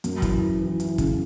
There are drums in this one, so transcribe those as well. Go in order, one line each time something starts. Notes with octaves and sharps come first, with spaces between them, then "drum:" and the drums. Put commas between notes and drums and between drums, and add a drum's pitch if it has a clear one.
F#2, drum: hi-hat
E3, drum: kick, hi-hat
E3
E3
E3, drum: hi-hat
C#3, drum: kick, hi-hat